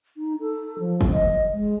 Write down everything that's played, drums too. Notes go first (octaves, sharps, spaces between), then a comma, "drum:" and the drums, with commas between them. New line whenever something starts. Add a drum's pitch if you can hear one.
D#4
A4
F3
drum: kick, hi-hat
D#5
G#3